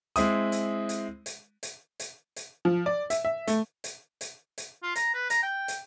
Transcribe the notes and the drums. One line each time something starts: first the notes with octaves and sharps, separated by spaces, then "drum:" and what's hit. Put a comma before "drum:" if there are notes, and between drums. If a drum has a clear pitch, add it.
G#3 C4 E4 D#6, drum: hi-hat
drum: hi-hat
drum: hi-hat
drum: hi-hat
drum: hi-hat
drum: hi-hat
drum: hi-hat
F3
D5
E5, drum: hi-hat
E5
A3, drum: hi-hat
drum: hi-hat
drum: hi-hat
drum: hi-hat
F4
A#5, drum: hi-hat
B4
A#5, drum: hi-hat
G5
drum: hi-hat